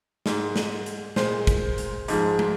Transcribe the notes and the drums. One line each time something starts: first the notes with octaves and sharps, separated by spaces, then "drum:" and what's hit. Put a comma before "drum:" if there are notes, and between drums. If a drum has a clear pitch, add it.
G#2 G#3, drum: snare
drum: snare
drum: hi-hat
A#2 G#3 C5, drum: snare
drum: kick, hi-hat
drum: hi-hat
G#2 F3 G#3, drum: hi-hat
drum: tom